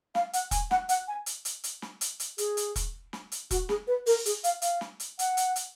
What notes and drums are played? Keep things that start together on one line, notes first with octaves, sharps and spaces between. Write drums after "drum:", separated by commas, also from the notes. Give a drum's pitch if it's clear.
F5, drum: snare
F#5, drum: hi-hat
G#5, drum: kick E1, hi-hat
F#5, drum: snare
F#5, drum: hi-hat
G#5
drum: hi-hat
drum: hi-hat
drum: hi-hat
drum: snare
drum: hi-hat
drum: hi-hat
G#4, drum: hi-hat
drum: hi-hat
drum: kick E1, hi-hat
drum: snare
drum: hi-hat
F#4, drum: kick E1, hi-hat
G#4, drum: snare
B4
A#4, drum: open hi-hat
G#4, drum: hi-hat
F5, drum: hi-hat
F5, drum: hi-hat
drum: snare
drum: hi-hat
F#5, drum: hi-hat
drum: hi-hat
drum: hi-hat